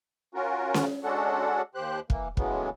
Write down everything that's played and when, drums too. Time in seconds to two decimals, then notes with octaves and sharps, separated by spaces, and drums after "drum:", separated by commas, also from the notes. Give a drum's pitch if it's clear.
0.35 C#4 F4 F#4 A#4
0.74 drum: snare C#4
1.04 G#3 C#4 D4 F#4 A4 F#5
1.75 D#2 G4 C5 F#6
2.10 E3 A#3, drum: kick
2.37 A2 C#3 E3 F#3 G#3 B3, drum: kick